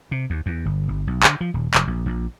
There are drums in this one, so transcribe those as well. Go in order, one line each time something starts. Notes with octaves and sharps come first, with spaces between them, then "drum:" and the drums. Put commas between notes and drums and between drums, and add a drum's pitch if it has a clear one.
C3
D#2
E2
G1
G1
B1
D3, drum: clap
F3
D#1
F1, drum: clap
A#1
A#1